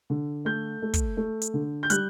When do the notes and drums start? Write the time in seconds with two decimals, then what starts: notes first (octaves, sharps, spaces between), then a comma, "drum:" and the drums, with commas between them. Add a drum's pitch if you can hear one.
0.10 D3
0.45 A3 G6
0.82 A3
0.94 drum: kick, hi-hat
1.17 A3
1.42 drum: hi-hat
1.54 D3
1.83 G6
1.90 G3 F#6, drum: hi-hat